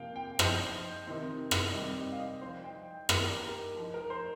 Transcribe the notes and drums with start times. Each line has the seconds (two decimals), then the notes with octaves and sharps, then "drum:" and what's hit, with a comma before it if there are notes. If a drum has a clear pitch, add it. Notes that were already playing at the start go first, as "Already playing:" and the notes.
Already playing: C3 F3 A#3 F5 G5
0.16 G5
0.39 F3 D#4 C5, drum: rim click
1.07 C3 D#3 C4 D#4
1.51 drum: rim click
1.74 C3 D#3 G3 C4 D#4
1.97 D#5
2.12 F5
2.18 D#5
2.41 F3 D#4 C5
2.64 G5
3.09 D#3 A#3 D#4 A#4, drum: rim click
3.23 G4
3.37 A#4
3.76 F3 D#4
3.94 A#4
4.10 C5